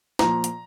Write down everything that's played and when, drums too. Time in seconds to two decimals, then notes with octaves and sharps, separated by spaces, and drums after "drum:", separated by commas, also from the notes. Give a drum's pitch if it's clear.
0.19 A#2 F3 A#5, drum: snare
0.44 drum: hi-hat